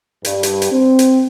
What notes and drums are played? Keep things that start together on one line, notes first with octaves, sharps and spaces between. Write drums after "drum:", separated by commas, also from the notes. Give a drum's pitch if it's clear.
G2, drum: hi-hat
drum: hi-hat
drum: hi-hat
C4
drum: hi-hat